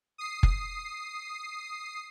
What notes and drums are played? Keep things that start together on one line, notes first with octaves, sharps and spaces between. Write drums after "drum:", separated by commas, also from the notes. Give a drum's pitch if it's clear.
D#6 C7
drum: kick F#1